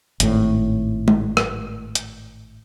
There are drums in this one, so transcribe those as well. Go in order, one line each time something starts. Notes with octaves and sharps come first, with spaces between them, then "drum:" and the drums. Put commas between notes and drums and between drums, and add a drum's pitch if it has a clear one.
G#1 A2, drum: hi-hat
drum: tom G#3
drum: rim click
drum: hi-hat